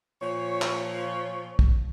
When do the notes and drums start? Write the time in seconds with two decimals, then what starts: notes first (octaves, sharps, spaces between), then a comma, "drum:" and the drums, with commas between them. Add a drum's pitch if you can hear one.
0.21 A#2 F3 C#5
0.62 drum: clap
1.59 drum: kick